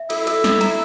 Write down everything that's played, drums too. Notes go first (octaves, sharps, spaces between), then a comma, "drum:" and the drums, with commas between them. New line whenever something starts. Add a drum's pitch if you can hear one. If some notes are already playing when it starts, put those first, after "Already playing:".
Already playing: E5
E4 A4, drum: cymbal
A4, drum: cymbal
A4, drum: snare
A#5, drum: cymbal